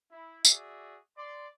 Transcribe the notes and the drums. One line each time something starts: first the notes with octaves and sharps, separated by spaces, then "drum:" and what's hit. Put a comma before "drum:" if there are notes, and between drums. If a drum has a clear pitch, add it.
E4
F#4 G#4 D5 E5, drum: tambourine
D5 C6